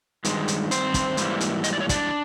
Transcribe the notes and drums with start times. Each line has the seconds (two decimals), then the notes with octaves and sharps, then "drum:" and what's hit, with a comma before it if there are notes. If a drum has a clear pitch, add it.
0.25 G2 D#3 G#3, drum: hi-hat
0.48 drum: hi-hat
0.71 C4 C5, drum: hi-hat
0.94 drum: kick, hi-hat
1.17 G#2 E3 G3 A#3, drum: hi-hat
1.40 drum: hi-hat
1.64 D#5, drum: hi-hat
1.73 D5
1.81 C#5
1.89 D4 D5, drum: kick, hi-hat